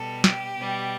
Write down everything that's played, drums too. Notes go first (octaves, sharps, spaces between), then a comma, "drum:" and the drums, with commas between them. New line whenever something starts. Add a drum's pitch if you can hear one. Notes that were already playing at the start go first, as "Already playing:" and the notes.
Already playing: B2 G3 A4
G4, drum: snare
B2 G3